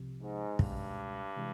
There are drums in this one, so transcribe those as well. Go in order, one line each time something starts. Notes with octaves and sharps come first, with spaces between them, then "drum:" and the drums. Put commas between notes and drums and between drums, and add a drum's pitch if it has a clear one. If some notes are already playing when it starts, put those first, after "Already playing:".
Already playing: C2 C3 F3
G#2
C#2 G2 B2 G#3, drum: kick
C3 E3 G#3